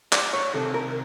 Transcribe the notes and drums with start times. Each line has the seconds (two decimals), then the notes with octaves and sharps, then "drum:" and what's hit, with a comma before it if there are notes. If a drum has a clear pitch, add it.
0.13 D5, drum: clap
0.33 C#5
0.54 C2 C3 D#3 A4
0.74 A#4